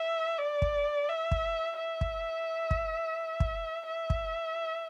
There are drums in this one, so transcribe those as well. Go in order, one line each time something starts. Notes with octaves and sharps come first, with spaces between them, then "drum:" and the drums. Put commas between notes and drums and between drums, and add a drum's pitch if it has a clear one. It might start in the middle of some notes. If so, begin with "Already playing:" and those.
Already playing: E5
D5
drum: kick
E5
drum: kick
E5
drum: kick
drum: kick
drum: kick
E5
drum: kick